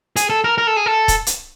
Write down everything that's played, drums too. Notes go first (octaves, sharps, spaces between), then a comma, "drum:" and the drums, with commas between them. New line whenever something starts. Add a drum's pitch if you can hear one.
G#4, drum: hi-hat
A4
A#4
A#4
A4
G#4
A4
drum: kick, hi-hat
drum: hi-hat